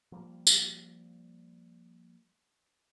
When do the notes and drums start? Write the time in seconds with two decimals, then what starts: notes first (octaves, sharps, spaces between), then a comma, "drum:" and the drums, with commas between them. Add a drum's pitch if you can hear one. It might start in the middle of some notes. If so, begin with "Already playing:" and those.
0.12 F3 G3 A#3
0.47 drum: tambourine